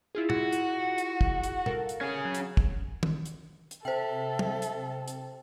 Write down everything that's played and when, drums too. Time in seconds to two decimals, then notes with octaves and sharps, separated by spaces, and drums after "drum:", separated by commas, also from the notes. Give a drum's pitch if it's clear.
0.15 E4 F4 G#4
0.30 F#4, drum: tom
0.52 drum: hi-hat
0.98 drum: hi-hat
1.21 drum: kick
1.43 drum: hi-hat
1.66 A4 A#4 F5, drum: tom
1.89 drum: hi-hat
2.01 C#4 G#4
2.25 F#3
2.35 drum: hi-hat
2.57 drum: kick
3.03 drum: tom
3.26 drum: hi-hat
3.71 drum: hi-hat
3.85 C3 A4 C5 E5 G5
4.39 drum: tom
4.62 drum: hi-hat
5.08 drum: hi-hat